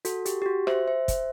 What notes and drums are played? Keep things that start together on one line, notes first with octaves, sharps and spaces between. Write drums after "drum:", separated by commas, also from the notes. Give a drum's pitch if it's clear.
F#4 A4, drum: hi-hat
G4, drum: hi-hat
G4
F#4
C5 E5, drum: rim click
C5 E5
drum: kick, hi-hat